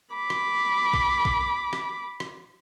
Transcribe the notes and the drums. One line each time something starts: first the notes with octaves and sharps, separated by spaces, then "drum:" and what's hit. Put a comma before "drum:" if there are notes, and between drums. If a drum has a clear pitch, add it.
B5 D6
drum: rim click
drum: kick B1
drum: kick B1
drum: rim click
drum: rim click